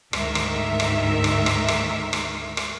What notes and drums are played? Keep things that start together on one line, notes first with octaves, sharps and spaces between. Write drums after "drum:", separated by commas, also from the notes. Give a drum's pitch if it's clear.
D2 G#2 D#3 A#4 E5, drum: rim click
drum: rim click
drum: rim click
drum: rim click
drum: rim click
drum: rim click
drum: rim click
drum: rim click